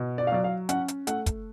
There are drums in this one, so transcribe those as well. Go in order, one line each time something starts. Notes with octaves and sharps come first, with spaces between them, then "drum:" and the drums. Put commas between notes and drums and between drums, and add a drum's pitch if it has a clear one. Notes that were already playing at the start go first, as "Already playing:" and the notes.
Already playing: B2
D5
F5
F#3 D5
F5
C#4 F#5, drum: hi-hat
drum: hi-hat
A3 F#5, drum: hi-hat
drum: kick, hi-hat